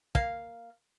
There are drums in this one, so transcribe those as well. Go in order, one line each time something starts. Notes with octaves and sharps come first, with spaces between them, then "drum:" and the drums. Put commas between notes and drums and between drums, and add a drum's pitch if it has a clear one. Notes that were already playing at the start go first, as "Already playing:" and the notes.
A#3 F5, drum: kick